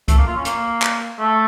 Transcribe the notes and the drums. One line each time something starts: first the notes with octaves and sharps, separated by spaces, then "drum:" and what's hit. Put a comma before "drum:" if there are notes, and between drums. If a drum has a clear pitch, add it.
A3, drum: kick C2, hi-hat
A#3
F4
C#4
A#3, drum: hi-hat
drum: clap
A3